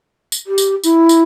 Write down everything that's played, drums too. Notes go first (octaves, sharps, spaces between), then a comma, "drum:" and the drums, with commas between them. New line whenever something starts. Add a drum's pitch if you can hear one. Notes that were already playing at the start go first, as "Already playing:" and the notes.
drum: tambourine
G4
drum: tambourine
E4, drum: tambourine
drum: tambourine